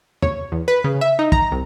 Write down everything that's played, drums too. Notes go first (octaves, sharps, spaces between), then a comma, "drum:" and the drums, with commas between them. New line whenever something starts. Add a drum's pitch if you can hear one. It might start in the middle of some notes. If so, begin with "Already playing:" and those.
C#5, drum: tom
E2
B4
C#3
E5
D#4
A#5, drum: kick
C2